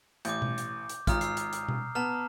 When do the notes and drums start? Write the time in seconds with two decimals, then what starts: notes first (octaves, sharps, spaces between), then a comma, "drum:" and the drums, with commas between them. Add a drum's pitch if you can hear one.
0.25 A1 D6 G6, drum: hi-hat
0.42 drum: tom B2
0.58 drum: hi-hat
0.89 drum: hi-hat
1.07 G#1 F4 A#5 D#6 F6, drum: kick, hi-hat
1.21 E6 C7, drum: hi-hat
1.37 drum: hi-hat
1.53 drum: hi-hat
1.68 drum: tom B2
1.95 B3 A5 A#5 F6